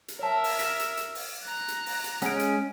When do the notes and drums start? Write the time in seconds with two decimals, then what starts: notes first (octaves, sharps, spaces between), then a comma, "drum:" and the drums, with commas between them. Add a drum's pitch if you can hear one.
0.08 drum: hi-hat
0.19 A#4 C#5 E5 A5
0.44 drum: open hi-hat
0.59 F6 A#6 B6, drum: hi-hat
0.79 drum: hi-hat
0.97 drum: hi-hat
1.15 drum: open hi-hat
1.43 A#5 F#6
1.68 drum: hi-hat
1.86 drum: open hi-hat
2.04 drum: hi-hat
2.22 G#3 C#4 F#5 D7, drum: hi-hat
2.39 drum: hi-hat